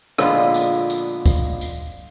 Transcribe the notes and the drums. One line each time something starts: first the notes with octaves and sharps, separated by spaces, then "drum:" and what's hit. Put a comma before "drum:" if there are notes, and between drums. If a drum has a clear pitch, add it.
A#2 D3 F3 G#3 B3 F4, drum: rim click
drum: tambourine
drum: tambourine
drum: kick C#2, tambourine
drum: tambourine